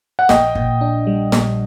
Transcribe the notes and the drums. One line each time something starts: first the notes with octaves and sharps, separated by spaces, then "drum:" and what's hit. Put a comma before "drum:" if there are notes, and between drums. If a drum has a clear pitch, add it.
F#5
A#1 D#5 G5, drum: snare
A#2, drum: kick
D4
G3
A#1, drum: snare